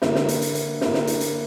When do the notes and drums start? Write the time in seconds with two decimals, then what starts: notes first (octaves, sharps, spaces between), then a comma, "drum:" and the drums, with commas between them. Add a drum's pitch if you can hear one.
0.02 D3 A#3 E4, drum: snare
0.15 drum: snare
0.28 drum: hi-hat
0.42 drum: hi-hat
0.55 drum: hi-hat
0.81 D3 A#3 E4, drum: snare
0.94 drum: snare
1.07 drum: hi-hat
1.21 drum: hi-hat